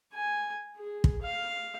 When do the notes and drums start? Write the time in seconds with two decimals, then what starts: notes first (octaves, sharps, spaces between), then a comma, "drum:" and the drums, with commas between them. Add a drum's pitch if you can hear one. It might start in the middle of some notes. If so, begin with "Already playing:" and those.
0.15 G#5
0.77 G#4
1.04 drum: kick
1.22 F5